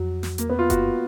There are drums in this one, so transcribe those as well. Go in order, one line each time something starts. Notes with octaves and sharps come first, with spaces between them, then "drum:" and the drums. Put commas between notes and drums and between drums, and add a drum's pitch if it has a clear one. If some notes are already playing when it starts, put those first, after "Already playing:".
Already playing: F2 F#3
drum: snare
E2 A#3, drum: hi-hat
B3
F4
F2 F#4, drum: kick F1, hi-hat
F#2